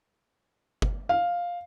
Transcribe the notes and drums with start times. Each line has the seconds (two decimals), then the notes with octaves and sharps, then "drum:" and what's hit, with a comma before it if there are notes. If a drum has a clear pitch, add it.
0.82 drum: kick G1
1.09 F5